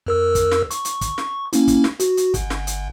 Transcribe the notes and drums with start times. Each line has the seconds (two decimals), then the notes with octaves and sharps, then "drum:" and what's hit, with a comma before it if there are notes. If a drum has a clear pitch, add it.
0.06 F2 A#4 E6
0.35 drum: kick, hi-hat
0.52 drum: snare
0.71 C#6, drum: hi-hat
0.85 drum: hi-hat
1.01 drum: kick, hi-hat
1.18 drum: snare
1.53 A#3 C#4 E4, drum: hi-hat
1.68 drum: kick, hi-hat
1.84 drum: snare
2.00 F#4, drum: hi-hat
2.17 drum: hi-hat
2.34 G1, drum: kick, hi-hat
2.50 drum: snare
2.67 drum: hi-hat